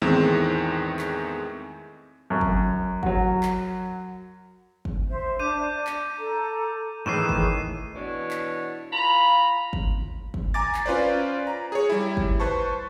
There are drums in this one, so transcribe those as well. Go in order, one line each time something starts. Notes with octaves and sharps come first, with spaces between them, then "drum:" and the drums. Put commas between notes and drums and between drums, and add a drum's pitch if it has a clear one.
E2 A2 D#3 G#3 C4
drum: clap
F#2
drum: kick
F#3 F#4, drum: kick
drum: clap
drum: kick
C5 E5
D4 D6 G6 D#7
drum: clap
A4 A#5
A2 D#3 E3 G#4 C#5 C7 D#7 E7
drum: kick
B2 E3 D4 C#5
drum: clap
F4 A#5 B5
drum: kick
drum: kick
G#5 A#5 D6 A6
drum: clap
C#4 F4 B4 C5 D5
A#5
G#4 C#5
G3 E4
drum: kick
B4 C5 A5 C#6